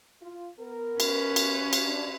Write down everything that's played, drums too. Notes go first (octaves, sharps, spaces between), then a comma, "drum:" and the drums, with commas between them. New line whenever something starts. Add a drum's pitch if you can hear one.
F4
B3 A#4
C#4 B4, drum: cymbal
drum: cymbal
drum: cymbal
D4